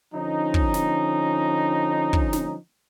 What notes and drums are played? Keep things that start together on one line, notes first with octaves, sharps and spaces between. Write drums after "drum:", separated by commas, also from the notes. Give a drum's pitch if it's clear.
D3 F3 C#4 D#4
drum: kick
drum: snare
drum: kick
drum: snare